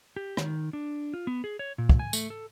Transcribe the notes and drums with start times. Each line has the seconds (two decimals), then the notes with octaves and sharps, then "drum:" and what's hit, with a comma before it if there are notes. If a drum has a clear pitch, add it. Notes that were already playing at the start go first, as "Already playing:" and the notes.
0.16 G4
0.37 D#3, drum: rim click
0.73 D4
1.14 F4
1.27 B3
1.44 G#4
1.59 C#5
1.78 A#2
1.89 drum: kick
1.99 G#5
2.13 A3, drum: tambourine
2.30 A4